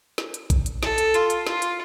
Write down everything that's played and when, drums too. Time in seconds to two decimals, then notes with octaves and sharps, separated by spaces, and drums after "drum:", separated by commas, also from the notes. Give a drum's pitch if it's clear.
0.18 drum: snare
0.34 drum: hi-hat
0.50 drum: kick A#1, hi-hat
0.66 drum: hi-hat
0.83 A4, drum: snare
0.98 drum: hi-hat
1.14 F4, drum: hi-hat
1.30 drum: hi-hat
1.47 F4, drum: snare
1.62 drum: hi-hat